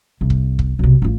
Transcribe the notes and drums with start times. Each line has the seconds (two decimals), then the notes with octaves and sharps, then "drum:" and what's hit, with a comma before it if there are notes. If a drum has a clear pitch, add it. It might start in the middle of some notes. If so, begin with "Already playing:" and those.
0.21 C2
0.30 drum: kick
0.59 drum: kick
0.79 B1 C3
1.02 A1 F4